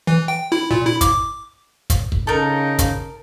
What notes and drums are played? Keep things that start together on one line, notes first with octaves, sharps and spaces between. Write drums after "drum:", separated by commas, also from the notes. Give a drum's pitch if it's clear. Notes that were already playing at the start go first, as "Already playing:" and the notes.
E3
G5
E4
A#2
E4
D6, drum: kick, hi-hat
drum: kick, hi-hat
drum: kick
C#3 D#4 A4 A#4
drum: kick, hi-hat